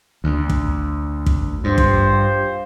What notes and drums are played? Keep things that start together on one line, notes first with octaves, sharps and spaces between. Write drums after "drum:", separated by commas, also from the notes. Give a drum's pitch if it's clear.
D2
drum: kick
drum: kick
G2 F4 G4 C5
drum: kick